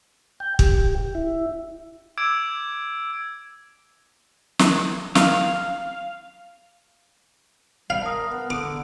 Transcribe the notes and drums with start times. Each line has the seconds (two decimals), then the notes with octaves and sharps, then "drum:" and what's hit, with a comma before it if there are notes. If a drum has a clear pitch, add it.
0.40 G5
0.59 G4, drum: kick
1.15 E4
2.18 D6 E6 G#6 D7
4.59 drum: snare
5.15 F5, drum: snare
7.90 G3 F5
8.02 A#4 A5 D#6
8.29 B3
8.50 D3 D6